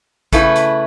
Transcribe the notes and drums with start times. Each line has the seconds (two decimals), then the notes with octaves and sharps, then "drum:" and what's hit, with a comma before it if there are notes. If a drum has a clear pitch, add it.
0.33 C#3 A3 E4 B4, drum: kick, hi-hat
0.56 drum: hi-hat